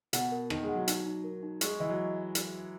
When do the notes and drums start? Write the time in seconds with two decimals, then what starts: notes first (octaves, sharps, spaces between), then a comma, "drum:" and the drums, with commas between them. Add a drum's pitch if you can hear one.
0.13 B2 F#5, drum: hi-hat
0.32 A#4
0.50 D#3 D#4, drum: rim click
0.63 G#3
0.69 F#5
0.75 F#3
0.88 D#4, drum: hi-hat
1.06 D#4
1.24 A#4
1.43 D#4
1.61 G#3 C#6, drum: hi-hat
1.80 E3 D#5
1.89 F#3
2.35 drum: hi-hat